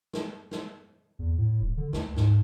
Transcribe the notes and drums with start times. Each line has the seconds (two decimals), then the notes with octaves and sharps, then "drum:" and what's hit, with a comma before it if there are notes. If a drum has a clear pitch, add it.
0.13 drum: snare
0.51 drum: snare
1.19 E2
1.38 A2
1.61 D#1
1.77 D3
1.93 D2, drum: snare
2.16 G#2, drum: snare